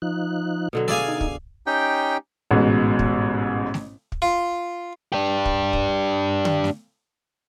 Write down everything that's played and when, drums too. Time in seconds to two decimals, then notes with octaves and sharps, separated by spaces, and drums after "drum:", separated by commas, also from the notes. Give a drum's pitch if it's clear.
0.02 F3 D#4 F#6
0.73 B2 D3 F#3
0.88 G#4 D5 E5 F5 G#5, drum: snare A3
1.08 D#4
1.21 drum: kick
1.67 C#4 D#4 G4 G5
2.51 A1 G#2 B2
2.99 drum: kick
3.74 drum: snare A3
4.12 drum: kick
4.22 F4
5.12 D4 G4
5.45 drum: kick
5.73 drum: kick
6.45 drum: tom D3
6.64 drum: snare A3